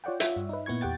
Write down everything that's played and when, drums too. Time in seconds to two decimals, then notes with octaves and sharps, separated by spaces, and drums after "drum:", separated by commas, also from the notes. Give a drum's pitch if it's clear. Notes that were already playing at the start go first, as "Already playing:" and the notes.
0.04 F4 C#5 D5 F#5 G5
0.20 F4 C#5 E5, drum: hi-hat
0.36 G2
0.49 D#4 B4
0.66 A#2 B3 E4 C#6 G#6
0.81 E2 G4 F#5 G5 A6